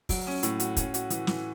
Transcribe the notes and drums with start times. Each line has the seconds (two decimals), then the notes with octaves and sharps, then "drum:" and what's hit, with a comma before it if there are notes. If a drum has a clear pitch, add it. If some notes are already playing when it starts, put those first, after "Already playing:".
0.09 F#3, drum: kick, open hi-hat
0.27 C#4
0.43 A2, drum: hi-hat
0.60 F#4, drum: hi-hat
0.77 C#4, drum: kick, hi-hat
0.94 F#4, drum: hi-hat
1.10 E3, drum: hi-hat
1.27 E3, drum: snare